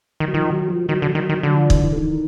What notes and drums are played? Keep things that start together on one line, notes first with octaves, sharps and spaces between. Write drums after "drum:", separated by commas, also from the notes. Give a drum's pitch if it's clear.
D#3
F#3
D#3 F3
F#3
F3
D#3 F#3
D3
D#3 F#3
D#3
D3 F#3
F3
E3, drum: kick
E3
D#3